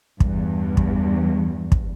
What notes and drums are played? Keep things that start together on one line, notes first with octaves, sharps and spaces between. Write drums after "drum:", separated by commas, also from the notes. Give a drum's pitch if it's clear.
E2 G2, drum: kick
drum: kick
drum: kick